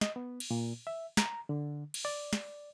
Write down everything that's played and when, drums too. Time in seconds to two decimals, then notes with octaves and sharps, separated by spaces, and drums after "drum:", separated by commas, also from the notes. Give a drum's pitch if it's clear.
0.01 D#5, drum: snare
0.16 B3
0.40 drum: cymbal
0.51 A#2
0.87 E5
1.17 A#5, drum: snare
1.49 D3
1.94 drum: cymbal
2.05 D5
2.33 drum: snare